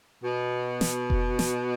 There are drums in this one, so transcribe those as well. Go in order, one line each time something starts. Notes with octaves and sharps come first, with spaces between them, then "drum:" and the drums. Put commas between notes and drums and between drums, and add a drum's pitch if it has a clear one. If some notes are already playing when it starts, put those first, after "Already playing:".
B2
drum: snare
drum: kick F1
drum: snare